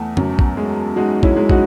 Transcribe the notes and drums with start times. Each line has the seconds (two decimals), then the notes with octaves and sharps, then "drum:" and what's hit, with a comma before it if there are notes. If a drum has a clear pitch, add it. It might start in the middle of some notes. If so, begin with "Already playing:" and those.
Already playing: E2 A3
0.17 F#2, drum: tom
0.39 drum: kick
0.57 G#3
0.96 G#3 D#4 F#4
1.23 C#4 E4, drum: kick
1.36 G#3
1.50 D#4 F#4, drum: kick